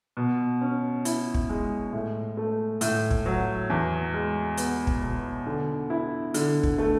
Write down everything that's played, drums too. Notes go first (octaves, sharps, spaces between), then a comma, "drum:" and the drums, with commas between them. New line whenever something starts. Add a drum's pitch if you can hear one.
B2
C#4
E4, drum: hi-hat
drum: kick
G#3
A2
A3
A2, drum: hi-hat
drum: kick
F#3
E2
G#3
B3, drum: hi-hat
drum: kick
B2
D3
E4
D3, drum: hi-hat
drum: kick
A3